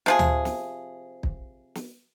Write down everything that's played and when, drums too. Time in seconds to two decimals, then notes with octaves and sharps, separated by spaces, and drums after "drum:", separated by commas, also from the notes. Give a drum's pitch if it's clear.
0.06 C3 F3 G#4, drum: snare
0.19 drum: tom D2
0.45 drum: snare
1.23 drum: kick
1.75 drum: snare